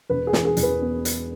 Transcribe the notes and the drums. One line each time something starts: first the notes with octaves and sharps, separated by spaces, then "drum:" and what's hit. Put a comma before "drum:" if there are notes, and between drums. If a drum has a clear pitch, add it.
E1 B4
G#4
E3, drum: snare
G#4
E2, drum: hi-hat
B4
B3
drum: hi-hat